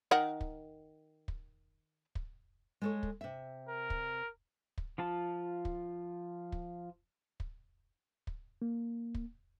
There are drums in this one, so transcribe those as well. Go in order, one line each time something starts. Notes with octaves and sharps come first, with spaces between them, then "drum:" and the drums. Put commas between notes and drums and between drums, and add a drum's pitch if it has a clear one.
D#3 A#4 F#5
drum: kick
drum: kick
drum: kick
G#3 A4 C#5
drum: kick
C3 E5
A#4
drum: kick
drum: kick
F3 F4 A5
drum: kick
drum: kick
drum: kick
drum: kick
A#3
drum: kick